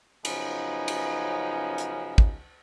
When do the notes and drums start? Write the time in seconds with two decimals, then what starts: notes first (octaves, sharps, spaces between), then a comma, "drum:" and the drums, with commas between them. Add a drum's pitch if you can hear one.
0.25 F#2 C#3 F3 B3 D#4 G#5, drum: cymbal
0.88 drum: cymbal
1.78 drum: hi-hat
2.18 drum: kick